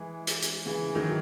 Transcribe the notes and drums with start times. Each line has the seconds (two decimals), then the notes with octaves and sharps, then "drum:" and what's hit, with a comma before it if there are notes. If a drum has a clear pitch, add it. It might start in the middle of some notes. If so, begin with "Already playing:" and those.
Already playing: E3 G#3
0.27 drum: hi-hat
0.42 drum: hi-hat
0.66 C#3 E3
0.95 D#3 F#3